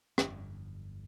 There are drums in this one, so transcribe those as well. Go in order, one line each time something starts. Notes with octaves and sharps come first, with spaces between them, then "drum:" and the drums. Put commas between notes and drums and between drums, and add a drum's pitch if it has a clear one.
G1 F2 D3, drum: rim click